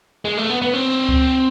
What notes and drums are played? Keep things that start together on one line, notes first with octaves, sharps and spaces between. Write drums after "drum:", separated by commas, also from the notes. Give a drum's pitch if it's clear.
G#3
A3
B3
B3
C4
drum: kick C#2